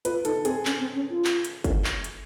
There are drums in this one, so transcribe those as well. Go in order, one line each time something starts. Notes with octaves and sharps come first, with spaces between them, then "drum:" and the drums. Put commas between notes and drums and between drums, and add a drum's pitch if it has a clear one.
F4 B4, drum: hi-hat
D#4 A4, drum: hi-hat
C4 G#4, drum: hi-hat
C#4, drum: clap
C4
C#4
F4
drum: clap
drum: hi-hat
drum: kick, hi-hat
drum: clap
drum: hi-hat